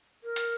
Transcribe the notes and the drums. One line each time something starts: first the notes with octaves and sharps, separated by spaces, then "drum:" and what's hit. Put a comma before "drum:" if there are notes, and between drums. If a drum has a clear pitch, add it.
A#4
drum: hi-hat